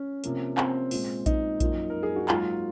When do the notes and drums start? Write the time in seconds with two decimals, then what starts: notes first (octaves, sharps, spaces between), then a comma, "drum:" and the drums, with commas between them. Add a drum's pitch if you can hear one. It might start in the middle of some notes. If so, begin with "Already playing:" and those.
Already playing: C#4
0.24 C3 F3 A#3, drum: hi-hat
0.58 C4, drum: clap
0.91 A#2 G#3, drum: open hi-hat
1.26 D#4, drum: kick A#1, hi-hat
1.60 F#2 F3 A#3, drum: kick A#1, hi-hat
1.90 A#4
2.03 G#4
2.16 F#4
2.29 G#2 F#3 A#3 F4, drum: clap